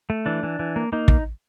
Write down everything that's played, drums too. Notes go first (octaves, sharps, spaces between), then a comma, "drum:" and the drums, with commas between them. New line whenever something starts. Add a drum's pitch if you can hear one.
A3
E3 D4
E3
E3
A#3
A#3 D#4
drum: kick